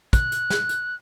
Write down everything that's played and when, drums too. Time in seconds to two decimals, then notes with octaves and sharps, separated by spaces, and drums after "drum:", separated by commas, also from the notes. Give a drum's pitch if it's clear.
0.13 F#6, drum: kick, hi-hat
0.32 drum: hi-hat
0.50 drum: snare
0.69 drum: hi-hat